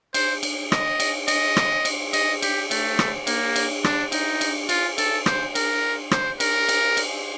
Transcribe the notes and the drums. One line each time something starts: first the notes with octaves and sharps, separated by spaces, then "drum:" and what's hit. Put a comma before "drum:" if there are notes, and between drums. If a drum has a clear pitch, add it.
C5, drum: cymbal
drum: cymbal
D#5, drum: rim click
drum: cymbal
D#5, drum: cymbal
drum: rim click
drum: cymbal
D#5, drum: cymbal
G4, drum: cymbal
A3, drum: cymbal
drum: rim click
A#3, drum: cymbal
drum: cymbal
D4, drum: rim click
D#4, drum: cymbal
drum: cymbal
F4, drum: cymbal
A4, drum: cymbal
C5, drum: rim click
A#4, drum: cymbal
C5, drum: rim click
A#4, drum: cymbal
drum: cymbal
drum: cymbal